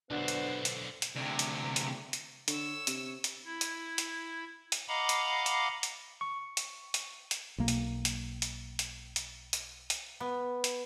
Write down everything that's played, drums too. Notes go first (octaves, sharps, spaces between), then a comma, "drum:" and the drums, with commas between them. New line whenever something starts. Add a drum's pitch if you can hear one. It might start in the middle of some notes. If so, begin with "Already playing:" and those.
B1 D3 B3 D4 F#4 C5
drum: hi-hat
drum: hi-hat
drum: hi-hat
D2 C3
drum: hi-hat
drum: hi-hat
drum: hi-hat
D3 C#5 E6, drum: hi-hat
C3, drum: hi-hat
drum: hi-hat
E4
drum: hi-hat
drum: hi-hat
drum: hi-hat
D#5 F5 F#5 A#5 B5 D6
drum: hi-hat
drum: hi-hat
drum: hi-hat
C#6
drum: hi-hat
drum: hi-hat
drum: hi-hat
B1 A#3
drum: hi-hat
drum: hi-hat
drum: hi-hat
drum: hi-hat
drum: hi-hat
drum: hi-hat
drum: hi-hat
B3
drum: hi-hat